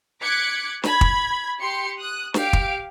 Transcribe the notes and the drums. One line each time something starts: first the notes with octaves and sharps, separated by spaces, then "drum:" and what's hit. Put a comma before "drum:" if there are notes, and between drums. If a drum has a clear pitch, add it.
D6 F#6 G#6 B6 C#7
B5 G#6, drum: snare
drum: kick
G4 C6 C#7
D#6 F#6
G4 F5 D7, drum: snare
drum: kick